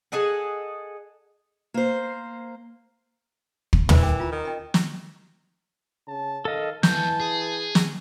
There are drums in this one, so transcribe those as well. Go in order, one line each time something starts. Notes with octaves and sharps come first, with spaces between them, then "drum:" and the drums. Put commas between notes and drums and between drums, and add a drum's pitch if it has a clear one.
G#4 A4 D#5 F#5
A#3 C5
drum: kick
E3, drum: tom
A#4 G5 D6
F4 A#5
D#3
D#5 G5
drum: snare
C#3 A5
D#3 A4 D#5 F5
E2 E3 A5 G6, drum: snare
G#4
drum: snare